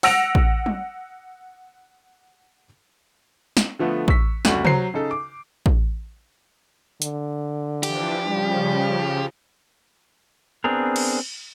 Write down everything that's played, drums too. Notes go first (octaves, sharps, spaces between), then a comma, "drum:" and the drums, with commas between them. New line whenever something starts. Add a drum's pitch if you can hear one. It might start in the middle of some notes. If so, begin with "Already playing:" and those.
F#5 E6 A#6 D7 F7, drum: open hi-hat
drum: kick A1
drum: tom
drum: snare
D3 F3 A3 B3
C#6 E6 B6, drum: kick A1
F#1 D2 G3 F#4 F#7, drum: snare
F#3 C5 A#5 C7, drum: tom C3
C#3 D#4 A4
D6
drum: kick A1
D3, drum: hi-hat
E3 F3 D4 G4, drum: cymbal
C#3 F3 G3
B3 C4 D4 G#4 A#4
drum: cymbal